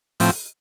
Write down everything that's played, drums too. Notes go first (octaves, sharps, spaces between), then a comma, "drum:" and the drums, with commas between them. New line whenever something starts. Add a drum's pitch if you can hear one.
A2 F3 C4, drum: open hi-hat